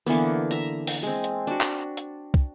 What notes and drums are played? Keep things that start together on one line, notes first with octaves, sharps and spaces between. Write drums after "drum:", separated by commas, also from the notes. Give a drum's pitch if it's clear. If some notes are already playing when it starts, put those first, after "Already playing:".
D3 E3 A#3 B3
E5 A#5, drum: hi-hat
drum: open hi-hat
G#3 C4
drum: hi-hat
D4 F#4
drum: clap
drum: hi-hat
drum: kick